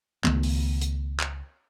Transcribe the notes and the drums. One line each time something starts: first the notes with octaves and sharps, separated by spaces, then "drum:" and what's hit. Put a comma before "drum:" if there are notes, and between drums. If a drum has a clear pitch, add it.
C#2 D#3 A3 B3, drum: clap
drum: open hi-hat
drum: hi-hat
drum: clap